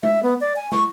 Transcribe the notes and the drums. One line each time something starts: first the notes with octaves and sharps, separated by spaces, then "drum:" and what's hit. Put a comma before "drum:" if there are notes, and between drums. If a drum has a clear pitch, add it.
E5, drum: tom G#3
B3
D5
G#5
C#6, drum: snare